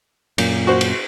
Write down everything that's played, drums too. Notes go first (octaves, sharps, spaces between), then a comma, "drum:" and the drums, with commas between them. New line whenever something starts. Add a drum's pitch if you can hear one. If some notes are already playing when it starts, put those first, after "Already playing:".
F#2 A#2, drum: cymbal
F#4 C5
drum: cymbal